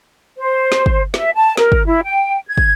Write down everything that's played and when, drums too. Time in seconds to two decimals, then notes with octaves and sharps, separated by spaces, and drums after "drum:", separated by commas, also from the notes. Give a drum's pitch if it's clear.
0.38 C5
0.72 drum: snare
0.86 drum: kick
1.14 E5, drum: snare
1.34 A5
1.57 A#4, drum: snare
1.72 drum: kick
1.86 E4
2.04 G5
2.46 G#6
2.58 drum: kick